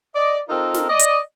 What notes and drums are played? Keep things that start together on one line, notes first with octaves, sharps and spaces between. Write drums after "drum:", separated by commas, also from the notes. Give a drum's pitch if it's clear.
D5 D#5
C4 D#4 F4 A4 A#4
drum: snare
D5 D#5
drum: hi-hat